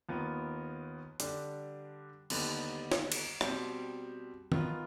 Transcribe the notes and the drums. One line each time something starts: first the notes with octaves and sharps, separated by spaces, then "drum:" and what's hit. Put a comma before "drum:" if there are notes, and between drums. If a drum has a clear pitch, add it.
D#2 D#3 B3 F4
D3 G3 D4, drum: hi-hat
D#2 D3 G3 B3 D#4, drum: cymbal
drum: snare
drum: cymbal
B2 G3 C4, drum: rim click
D#3 B3 F4, drum: tom D#3